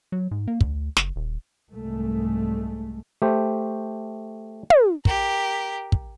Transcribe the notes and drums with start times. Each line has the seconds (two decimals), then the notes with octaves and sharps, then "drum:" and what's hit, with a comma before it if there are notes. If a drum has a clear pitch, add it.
0.12 F#3
0.31 G#2
0.48 A#3
0.61 D2, drum: kick
0.97 F#1, drum: snare
1.16 D#1
1.73 C2 G#2 G#3 A3
3.22 A3 G4 C5
4.70 drum: tom
5.05 G4 A#4, drum: kick
5.92 drum: kick